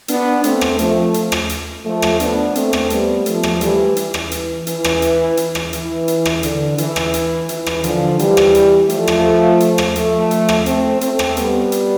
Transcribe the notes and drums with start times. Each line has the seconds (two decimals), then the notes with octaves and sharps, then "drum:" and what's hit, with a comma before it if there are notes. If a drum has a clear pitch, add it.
0.08 B3 D4, drum: hi-hat
0.44 A3 C4, drum: hi-hat
0.61 drum: rim click
0.79 F3 A3, drum: hi-hat
1.14 drum: hi-hat
1.32 drum: rim click
1.49 drum: hi-hat
1.85 F3 A3
2.02 drum: rim click
2.20 B3 D4, drum: hi-hat
2.55 A3 C4, drum: hi-hat
2.73 drum: rim click
2.90 G3 B3, drum: hi-hat
3.26 F3 A3, drum: hi-hat
3.43 drum: rim click
3.61 E3 G3, drum: hi-hat
3.96 E3, drum: hi-hat
4.14 drum: rim click
4.32 drum: hi-hat
4.67 E3, drum: hi-hat
4.84 drum: rim click
5.02 drum: hi-hat
5.37 drum: hi-hat
5.55 drum: rim click
5.73 E3, drum: hi-hat
6.08 drum: hi-hat
6.25 drum: rim click
6.43 D3, drum: hi-hat
6.78 E3, drum: hi-hat
6.96 drum: rim click
7.14 drum: hi-hat
7.49 E3, drum: hi-hat
7.66 drum: rim click
7.84 D3 F3, drum: hi-hat
8.19 E3 G3, drum: hi-hat
8.37 drum: rim click
8.55 drum: hi-hat
8.89 F3 A3, drum: hi-hat
9.08 drum: rim click
9.60 drum: hi-hat
9.78 drum: rim click
9.96 F3 A3, drum: hi-hat
10.31 drum: hi-hat
10.49 drum: rim click
10.66 A3 C4, drum: hi-hat
11.01 A3 C4, drum: hi-hat
11.19 drum: rim click
11.37 G3 B3, drum: hi-hat
11.72 drum: hi-hat